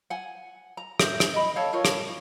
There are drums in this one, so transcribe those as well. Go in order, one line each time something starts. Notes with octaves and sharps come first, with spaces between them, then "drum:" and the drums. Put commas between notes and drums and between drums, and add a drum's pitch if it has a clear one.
F#5 G#5
A#5
C5 E5, drum: rim click
drum: rim click
D#5 B5
A4 C#5 F5
F4 A4 A#4 C#5
drum: rim click